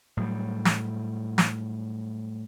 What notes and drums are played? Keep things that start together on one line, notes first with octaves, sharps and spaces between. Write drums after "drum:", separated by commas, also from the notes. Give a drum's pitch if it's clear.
A2 F#3 G3
drum: snare
drum: snare